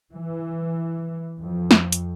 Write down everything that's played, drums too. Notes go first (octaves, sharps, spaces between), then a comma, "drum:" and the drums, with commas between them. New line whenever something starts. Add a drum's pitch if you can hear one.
E3
F2
drum: snare
drum: hi-hat